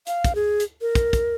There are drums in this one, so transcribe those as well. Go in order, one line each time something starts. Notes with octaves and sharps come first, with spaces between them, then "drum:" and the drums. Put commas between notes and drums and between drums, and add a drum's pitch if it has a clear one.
F5, drum: hi-hat
drum: kick, hi-hat
G#4
drum: hi-hat
A#4
drum: kick, hi-hat
drum: kick, hi-hat